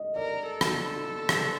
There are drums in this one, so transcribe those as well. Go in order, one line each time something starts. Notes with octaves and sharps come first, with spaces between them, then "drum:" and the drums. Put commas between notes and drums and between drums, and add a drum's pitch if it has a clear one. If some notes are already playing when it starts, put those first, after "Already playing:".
Already playing: D#5
A#4 D5
A4
drum: rim click
drum: rim click